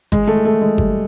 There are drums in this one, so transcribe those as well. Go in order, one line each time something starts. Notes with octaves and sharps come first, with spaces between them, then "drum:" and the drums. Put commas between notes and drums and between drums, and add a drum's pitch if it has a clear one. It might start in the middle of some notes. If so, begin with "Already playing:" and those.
G#3, drum: kick G1, hi-hat
A3
A3
G#3
G3, drum: kick G1